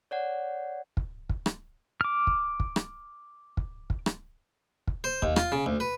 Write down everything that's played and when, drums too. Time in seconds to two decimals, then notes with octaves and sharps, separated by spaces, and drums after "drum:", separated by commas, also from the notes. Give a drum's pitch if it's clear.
0.11 C#5 D5 F#5
0.97 drum: kick
1.29 drum: kick
1.46 drum: rim click
2.01 D6 F6
2.27 drum: kick
2.60 drum: kick
2.76 drum: rim click
3.57 drum: kick
3.90 drum: kick
4.06 drum: rim click
4.87 drum: kick
5.04 C5
5.22 D#2, drum: kick
5.36 F4, drum: rim click
5.52 C#3
5.66 D2
5.80 B4